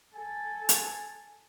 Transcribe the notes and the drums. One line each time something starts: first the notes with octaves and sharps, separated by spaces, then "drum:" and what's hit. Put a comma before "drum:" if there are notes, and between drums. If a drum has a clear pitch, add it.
A4 G#5
drum: hi-hat